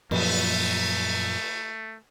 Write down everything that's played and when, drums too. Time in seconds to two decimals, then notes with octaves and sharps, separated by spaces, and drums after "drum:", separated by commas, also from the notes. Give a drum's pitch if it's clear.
0.11 F#2 A#2 F3 A3, drum: cymbal